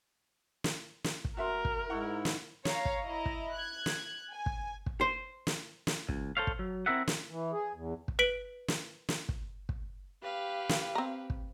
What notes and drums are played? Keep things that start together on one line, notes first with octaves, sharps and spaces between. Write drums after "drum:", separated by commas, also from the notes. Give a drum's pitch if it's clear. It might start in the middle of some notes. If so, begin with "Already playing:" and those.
drum: snare
drum: snare
drum: kick
F#4 A#4 E5 C6
drum: kick
G#2 E4 F#5 C#6
drum: snare
C#5 F5 A#5, drum: snare
drum: kick
E4 D#5 A#5
drum: kick
F#6 G#6
drum: snare
G#5
drum: kick
drum: kick
C5
drum: snare
drum: snare
C#2, drum: kick
A4 C5 C#5 F5
drum: kick
F#3
C4 D4 E4 A#4 E5 F#5
drum: snare
E3
G#4
E2
drum: kick
B4 B6 D7 F#7
drum: snare
drum: snare
drum: kick
drum: kick
G4 B4 F5
drum: snare
C4 A#5
drum: kick